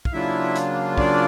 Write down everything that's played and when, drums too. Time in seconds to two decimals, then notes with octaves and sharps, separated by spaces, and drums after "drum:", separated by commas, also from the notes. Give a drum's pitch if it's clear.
0.05 F5, drum: kick
0.13 C#3 F#3 A#3 D4 E4 F4 E5
0.56 drum: hi-hat
0.98 D4 D5, drum: kick